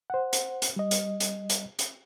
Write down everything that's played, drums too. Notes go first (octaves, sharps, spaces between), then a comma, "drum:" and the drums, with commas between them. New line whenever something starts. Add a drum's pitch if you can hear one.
C5 F#5
drum: hi-hat
drum: hi-hat
G3 D#5
drum: hi-hat
drum: hi-hat
drum: hi-hat
drum: hi-hat